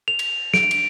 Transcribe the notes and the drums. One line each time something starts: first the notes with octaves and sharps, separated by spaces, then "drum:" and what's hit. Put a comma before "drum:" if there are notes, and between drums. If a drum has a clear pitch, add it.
F7
drum: cymbal
D7, drum: snare
drum: cymbal